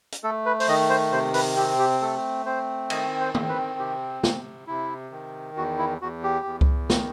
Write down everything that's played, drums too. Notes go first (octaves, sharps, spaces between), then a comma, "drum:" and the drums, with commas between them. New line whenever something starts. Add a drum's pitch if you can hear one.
drum: hi-hat
A3 A4
B4
C5, drum: open hi-hat
D#3 D#5
C5
C3 C5
B4, drum: open hi-hat
C4 G4
G4
A3 A4
C4 C5
D#3 D#5, drum: cymbal
C5
C4, drum: tom
B4
C3 G4
C3, drum: snare
C3 E4
D#3
E2 F#4
E4
E2 F#4
G4
E2
drum: kick C#2
D#3, drum: snare